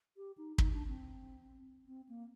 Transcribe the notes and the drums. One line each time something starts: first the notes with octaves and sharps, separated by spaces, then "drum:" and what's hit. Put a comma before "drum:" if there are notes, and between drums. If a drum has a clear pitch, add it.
G4
D#4
D#4, drum: kick
D4
C4
C4
A#3